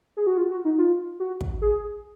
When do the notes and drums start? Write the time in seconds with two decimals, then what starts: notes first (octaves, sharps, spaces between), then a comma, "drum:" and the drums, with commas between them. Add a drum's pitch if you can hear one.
0.17 G#4
0.27 F#4
0.37 F4
0.51 F#4
0.65 D#4
0.78 F4
1.20 F#4
1.41 drum: kick
1.62 G#4